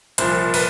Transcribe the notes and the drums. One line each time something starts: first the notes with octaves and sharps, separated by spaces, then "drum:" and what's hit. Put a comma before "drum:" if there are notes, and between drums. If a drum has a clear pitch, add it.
C2 A#2 F3 C5, drum: hi-hat
B4, drum: open hi-hat